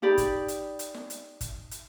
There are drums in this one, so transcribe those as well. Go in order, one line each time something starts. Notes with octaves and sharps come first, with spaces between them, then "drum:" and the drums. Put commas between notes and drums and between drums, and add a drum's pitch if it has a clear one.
D#4 G4 D5 B5
drum: kick G1, hi-hat
drum: hi-hat
drum: hi-hat
drum: snare
drum: hi-hat
drum: kick G1, hi-hat
drum: hi-hat